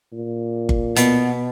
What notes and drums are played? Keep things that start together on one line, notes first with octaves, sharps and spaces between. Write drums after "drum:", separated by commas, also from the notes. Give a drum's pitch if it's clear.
A#2
drum: kick G1
B2 B3, drum: hi-hat